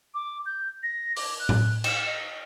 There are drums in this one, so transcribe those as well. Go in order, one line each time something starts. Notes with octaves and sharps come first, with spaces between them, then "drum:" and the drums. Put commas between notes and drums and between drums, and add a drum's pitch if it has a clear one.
D6
G6
A#6
D6, drum: open hi-hat
F#6
drum: tom A2
E7, drum: cymbal
D#5